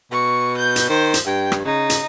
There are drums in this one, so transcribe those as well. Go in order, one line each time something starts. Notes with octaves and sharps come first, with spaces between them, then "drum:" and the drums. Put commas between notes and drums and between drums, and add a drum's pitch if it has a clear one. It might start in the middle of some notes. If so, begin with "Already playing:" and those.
B2 C#6
G6
drum: hi-hat
D#3 C5
drum: hi-hat
G2 G5
drum: rim click
C#3 D#4
drum: hi-hat